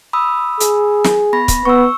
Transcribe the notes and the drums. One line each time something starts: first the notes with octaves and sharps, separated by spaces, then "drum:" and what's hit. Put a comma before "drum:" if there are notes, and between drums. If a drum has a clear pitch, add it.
B5 D#6 E6
G#4, drum: hi-hat
drum: snare
B3 B5 A#6
drum: kick, hi-hat
B3 C#6 E6